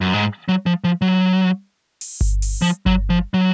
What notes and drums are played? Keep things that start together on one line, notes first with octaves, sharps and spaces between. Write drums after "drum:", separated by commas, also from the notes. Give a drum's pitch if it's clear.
F#2
G#2
F#3
F3
F3
F#3
drum: open hi-hat
drum: kick G1
drum: open hi-hat
F3
F#3, drum: kick G1
F3
F#3